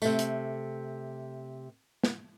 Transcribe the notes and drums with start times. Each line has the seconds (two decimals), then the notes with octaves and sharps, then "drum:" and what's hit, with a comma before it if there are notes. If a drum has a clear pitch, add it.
0.02 C3 A3, drum: tambourine
0.19 drum: hi-hat
2.03 drum: snare